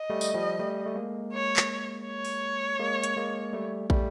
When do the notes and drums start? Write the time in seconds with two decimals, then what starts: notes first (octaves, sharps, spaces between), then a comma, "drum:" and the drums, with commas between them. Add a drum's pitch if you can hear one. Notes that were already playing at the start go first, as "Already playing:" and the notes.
Already playing: D#5
0.10 G3 A3
0.21 drum: tambourine
0.34 F3 G3
0.59 G3 A3
0.85 A3
0.96 G#3 A#3
1.33 C#5
1.56 drum: clap
2.06 C#5
2.25 drum: open hi-hat
2.79 G#3 A#3
3.03 drum: hi-hat
3.17 G#3 A#3
3.53 G3 A3
3.90 G3 A3, drum: kick